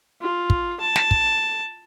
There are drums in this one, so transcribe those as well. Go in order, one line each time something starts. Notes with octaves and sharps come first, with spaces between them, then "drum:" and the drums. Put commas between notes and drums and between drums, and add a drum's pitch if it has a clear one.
F4
drum: kick
A5
drum: snare
drum: kick